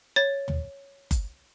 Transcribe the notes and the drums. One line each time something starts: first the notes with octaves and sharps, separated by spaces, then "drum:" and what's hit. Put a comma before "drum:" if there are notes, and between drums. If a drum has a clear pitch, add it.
C#5 A6
drum: tom
drum: kick F#1, hi-hat